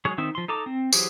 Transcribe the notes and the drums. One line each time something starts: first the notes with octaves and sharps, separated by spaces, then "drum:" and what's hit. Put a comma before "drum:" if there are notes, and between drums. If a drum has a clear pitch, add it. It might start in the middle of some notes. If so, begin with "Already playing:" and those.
F#3 G#3 G#4 C#5
D#3 C4 D#4 E5
F3 C6
D#4 A4 A#5 D6
C4
E3 F#3 G4 G#4 C5, drum: tambourine